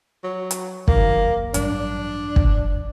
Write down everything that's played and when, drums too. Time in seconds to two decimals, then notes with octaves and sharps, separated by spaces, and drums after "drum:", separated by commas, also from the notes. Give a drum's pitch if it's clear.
0.24 F#3
0.51 drum: hi-hat
0.88 F#2 D#3 A#3, drum: kick
1.54 A1 G2 F#3 D4, drum: hi-hat
2.36 drum: kick